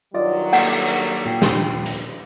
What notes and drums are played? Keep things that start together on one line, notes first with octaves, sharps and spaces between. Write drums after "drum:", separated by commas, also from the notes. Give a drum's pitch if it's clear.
G2 D#3 F#3 F4 D5 D#5
A#3 A4 F#5, drum: cymbal
drum: hi-hat
A#2 G5 C7
drum: snare
drum: hi-hat